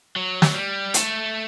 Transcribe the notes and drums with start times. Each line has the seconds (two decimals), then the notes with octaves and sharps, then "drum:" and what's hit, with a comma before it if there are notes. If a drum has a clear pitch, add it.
0.16 F#3
0.42 drum: snare
0.54 G3
0.94 A3, drum: hi-hat